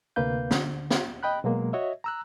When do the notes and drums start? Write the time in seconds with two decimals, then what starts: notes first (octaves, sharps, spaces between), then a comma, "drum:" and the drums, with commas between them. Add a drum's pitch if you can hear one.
0.16 D2 C3 A#3 B4 F5 G6
0.51 D3, drum: snare
0.91 drum: snare
1.23 D#5 G5 B5 F#6
1.44 B2 F#3 G#3 A#3
1.73 F#4 C#5 D#5 E5
2.04 A#5 E6 F#6